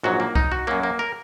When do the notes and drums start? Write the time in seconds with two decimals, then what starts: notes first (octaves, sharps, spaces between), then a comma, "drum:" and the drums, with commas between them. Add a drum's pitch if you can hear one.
0.03 A#1 G#2 F#3 F#4
0.20 A#3
0.35 D#4, drum: kick C2
0.52 F#4
0.67 F#2 F#3 A#3
0.83 A#3
0.99 A#4